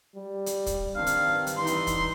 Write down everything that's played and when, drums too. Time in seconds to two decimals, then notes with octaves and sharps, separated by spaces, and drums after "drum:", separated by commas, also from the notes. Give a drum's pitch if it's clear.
0.15 G3
0.46 drum: hi-hat
0.66 drum: kick, hi-hat
0.95 D#3 C4 D4 F5
1.07 drum: hi-hat
1.27 G2
1.47 drum: hi-hat
1.58 E3 D#4 C6
1.67 drum: hi-hat
1.87 drum: kick, hi-hat